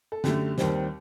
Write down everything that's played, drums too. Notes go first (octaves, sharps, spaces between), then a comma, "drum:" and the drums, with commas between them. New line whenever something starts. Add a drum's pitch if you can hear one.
A4
F#2 D3 A3 G4, drum: snare
D#2 D#3 G3 C4, drum: snare